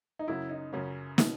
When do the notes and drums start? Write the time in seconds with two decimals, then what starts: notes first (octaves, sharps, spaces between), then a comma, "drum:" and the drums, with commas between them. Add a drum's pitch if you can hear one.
0.19 D#4
0.28 F#2 C#3 F#3 E4
0.49 D#4
0.72 F#2 C#3 F#3 C#4
1.18 B2, drum: snare